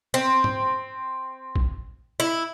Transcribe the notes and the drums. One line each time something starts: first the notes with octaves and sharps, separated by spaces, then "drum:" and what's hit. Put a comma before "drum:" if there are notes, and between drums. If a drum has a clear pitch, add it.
C4
drum: tom
drum: kick A#1
E4